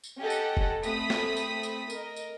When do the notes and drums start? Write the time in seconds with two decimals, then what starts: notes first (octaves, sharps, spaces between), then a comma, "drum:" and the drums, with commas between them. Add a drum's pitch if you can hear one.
0.04 drum: tambourine
0.19 C#4 G4 A4 D#5 F#5
0.30 drum: tambourine
0.57 drum: kick F#1
0.83 A3 C4 B5 D#6 B6, drum: tambourine
1.10 drum: snare
1.37 drum: tambourine
1.63 drum: tambourine
1.90 A#4 D#5, drum: tambourine
2.16 drum: tambourine